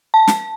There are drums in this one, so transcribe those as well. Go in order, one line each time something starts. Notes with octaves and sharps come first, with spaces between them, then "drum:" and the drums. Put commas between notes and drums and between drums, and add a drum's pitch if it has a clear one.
A5
drum: snare